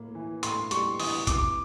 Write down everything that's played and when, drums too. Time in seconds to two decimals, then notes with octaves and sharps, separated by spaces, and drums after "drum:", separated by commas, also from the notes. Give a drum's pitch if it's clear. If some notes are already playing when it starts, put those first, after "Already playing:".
Already playing: A2 A#3
0.15 E3
0.43 A2 C6, drum: hi-hat
0.71 G3 C#6, drum: hi-hat
1.00 E3 D#6, drum: open hi-hat
1.27 C3 D6, drum: kick, hi-hat